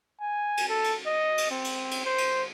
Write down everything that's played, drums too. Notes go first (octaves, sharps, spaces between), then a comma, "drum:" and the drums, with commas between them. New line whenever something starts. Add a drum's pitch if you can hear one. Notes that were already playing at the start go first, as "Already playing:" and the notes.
G#5
drum: cymbal
A4
drum: cymbal
D#5
drum: cymbal
C4
drum: cymbal
drum: cymbal
C5
drum: cymbal